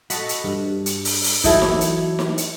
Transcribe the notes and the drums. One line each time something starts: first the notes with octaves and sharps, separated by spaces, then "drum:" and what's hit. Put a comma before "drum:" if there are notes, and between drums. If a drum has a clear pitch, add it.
F#4 A4 D#5 B5, drum: hi-hat
drum: hi-hat
G2
drum: hi-hat
drum: open hi-hat
drum: open hi-hat
E3 F#3 D#4 E4 A4 G#6, drum: kick, hi-hat
drum: snare D#4
drum: hi-hat
drum: snare D#4
drum: hi-hat